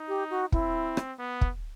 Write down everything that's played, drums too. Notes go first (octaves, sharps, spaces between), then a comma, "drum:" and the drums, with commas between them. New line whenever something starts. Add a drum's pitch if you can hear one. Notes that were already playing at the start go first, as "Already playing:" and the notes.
Already playing: D#4
G4
F#4
C4 E4, drum: kick
drum: rim click
B3
drum: kick